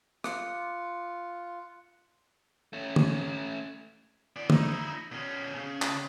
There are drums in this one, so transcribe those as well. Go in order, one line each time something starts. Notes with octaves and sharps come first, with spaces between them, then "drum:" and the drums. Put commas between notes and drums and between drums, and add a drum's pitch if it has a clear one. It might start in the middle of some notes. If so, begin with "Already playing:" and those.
F4 D6 F#6 C#7, drum: rim click
A3 C#4
drum: tom
B3 D5
D#4 E4, drum: tom
B2 C#4
C#3
drum: clap